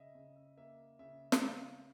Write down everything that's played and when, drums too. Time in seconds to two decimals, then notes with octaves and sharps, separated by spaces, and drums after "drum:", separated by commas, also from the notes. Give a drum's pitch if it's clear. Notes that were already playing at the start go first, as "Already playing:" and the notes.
Already playing: C#3 D#5 E5
0.15 C#3
0.36 E5
0.57 A#3 E5
0.99 C#3 E5
1.32 drum: snare
1.41 C#3 F5